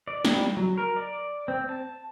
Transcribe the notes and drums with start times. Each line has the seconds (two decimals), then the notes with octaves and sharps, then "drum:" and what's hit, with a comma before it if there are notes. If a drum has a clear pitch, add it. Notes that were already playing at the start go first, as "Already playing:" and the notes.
0.08 D5
0.25 G3, drum: snare
0.57 F#3
0.78 A#4
0.96 D5
1.48 C4
1.69 A5